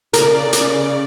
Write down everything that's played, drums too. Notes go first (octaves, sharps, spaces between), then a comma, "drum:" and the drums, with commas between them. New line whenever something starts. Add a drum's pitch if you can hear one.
C#3 A#4 D5, drum: hi-hat
drum: hi-hat